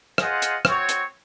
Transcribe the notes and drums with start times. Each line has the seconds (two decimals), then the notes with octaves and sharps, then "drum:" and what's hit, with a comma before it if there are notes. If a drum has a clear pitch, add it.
0.18 F4 G#4 C5 D#5 F#5, drum: rim click
0.42 drum: hi-hat
0.65 C4 F#4 C#5, drum: rim click
0.89 drum: hi-hat